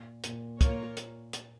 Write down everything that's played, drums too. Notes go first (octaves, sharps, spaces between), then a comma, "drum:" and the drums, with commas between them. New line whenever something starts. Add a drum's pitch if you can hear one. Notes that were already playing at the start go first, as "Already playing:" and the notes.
Already playing: A#2
A#2, drum: hi-hat
A#3 F4 A#4 C#5, drum: kick, hi-hat
drum: hi-hat
drum: hi-hat